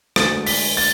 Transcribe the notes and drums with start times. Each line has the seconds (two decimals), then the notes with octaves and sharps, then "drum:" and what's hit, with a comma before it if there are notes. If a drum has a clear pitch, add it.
0.16 E1 D2 D3 F#3 A3 A6, drum: rim click
0.47 B6, drum: open hi-hat
0.77 A6, drum: open hi-hat